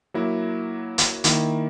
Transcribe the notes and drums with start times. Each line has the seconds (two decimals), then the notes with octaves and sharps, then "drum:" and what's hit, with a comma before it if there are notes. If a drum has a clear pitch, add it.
0.14 F#3 A#3 E4
0.98 drum: hi-hat
1.24 D#3 A#3 E4, drum: hi-hat